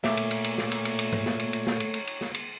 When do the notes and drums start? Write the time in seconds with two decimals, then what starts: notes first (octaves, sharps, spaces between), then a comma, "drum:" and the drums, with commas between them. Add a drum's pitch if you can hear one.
0.04 A#2 A3 C#5 E5 D6, drum: snare
0.17 drum: cymbal
0.31 drum: cymbal
0.44 drum: cymbal
0.58 drum: snare
0.72 drum: cymbal
0.85 drum: cymbal
0.99 drum: cymbal
1.12 drum: tom G#2
1.26 drum: snare
1.39 drum: cymbal
1.53 drum: cymbal
1.67 drum: snare
1.80 drum: cymbal
1.94 drum: cymbal
2.07 drum: cymbal
2.21 drum: snare
2.34 drum: cymbal